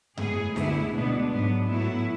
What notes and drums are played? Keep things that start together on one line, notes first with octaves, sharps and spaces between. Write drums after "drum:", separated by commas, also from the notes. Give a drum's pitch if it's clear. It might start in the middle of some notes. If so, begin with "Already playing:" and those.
A2 G#3 B3 G#4, drum: tom F#2
D2 D3 G#3 B3 E4, drum: snare
B2 G#3 B3 D4
G#2 F#3 B3
A2 F#3 B3 E4